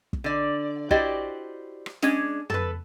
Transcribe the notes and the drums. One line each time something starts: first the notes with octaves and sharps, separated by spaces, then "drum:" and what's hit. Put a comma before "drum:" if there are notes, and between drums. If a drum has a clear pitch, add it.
drum: kick
D3 D5
E4 F#4 G4 C5 D5 D#5, drum: kick
drum: rim click
G#3 C#4 D4 G#4, drum: snare
A4 B4, drum: tom